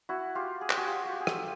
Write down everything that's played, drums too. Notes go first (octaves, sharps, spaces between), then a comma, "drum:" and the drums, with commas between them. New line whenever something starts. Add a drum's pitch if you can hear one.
E4 F#4
F4 G4
G#4
G4, drum: clap
F#4 G#4
F4 G4
F#4
G4
G#4
G4 A4, drum: rim click